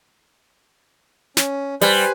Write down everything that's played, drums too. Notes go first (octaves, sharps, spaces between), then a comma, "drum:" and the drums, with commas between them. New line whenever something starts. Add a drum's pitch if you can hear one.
C#4, drum: snare
G3 B4 C5 G#5, drum: open hi-hat